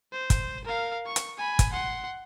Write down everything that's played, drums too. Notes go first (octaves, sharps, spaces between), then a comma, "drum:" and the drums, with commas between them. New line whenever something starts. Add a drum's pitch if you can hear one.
C5
drum: kick, hi-hat
A#4 F5
C#6
drum: hi-hat
G#5 B5
drum: kick, hi-hat
F#5 C6